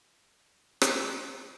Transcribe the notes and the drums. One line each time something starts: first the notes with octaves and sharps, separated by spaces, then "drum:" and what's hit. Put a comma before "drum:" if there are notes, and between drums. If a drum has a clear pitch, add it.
B2
B2
C#3
drum: rim click
C#3
D#3
F#3